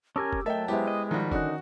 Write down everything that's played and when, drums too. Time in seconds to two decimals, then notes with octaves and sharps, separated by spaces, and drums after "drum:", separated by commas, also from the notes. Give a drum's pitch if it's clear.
0.16 C#4 G4 A#4 G#5 A5 D6 E6
0.33 drum: kick
0.46 F#3 A3 A#4 D#5 E5 G5 A5
0.68 G#3 B3 E4 G4 C5 E5
0.88 D#5
1.11 D#3 F3 G3 F#4
1.32 D3 D#3 C#4 D#4 F#4 D5 F#6, drum: kick